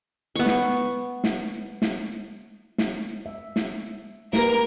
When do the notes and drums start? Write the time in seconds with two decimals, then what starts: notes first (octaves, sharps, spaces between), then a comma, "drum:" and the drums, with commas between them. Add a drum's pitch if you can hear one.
0.36 B3 C#6
0.46 drum: snare
1.24 drum: snare
1.82 drum: snare
2.78 drum: snare
3.26 E5
3.56 drum: snare
4.33 A#3 G4 A#4 B4, drum: snare